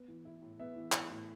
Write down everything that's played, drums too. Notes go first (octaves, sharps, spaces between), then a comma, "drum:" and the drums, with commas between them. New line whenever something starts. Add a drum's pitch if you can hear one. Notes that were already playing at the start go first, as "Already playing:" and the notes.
Already playing: B3
E3
E4
A2
B3 E5
E3
E4, drum: clap
A2